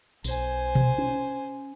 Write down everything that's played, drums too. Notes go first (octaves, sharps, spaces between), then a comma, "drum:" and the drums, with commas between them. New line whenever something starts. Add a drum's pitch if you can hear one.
B1 C5 G#5, drum: tambourine
drum: tom B2
C#4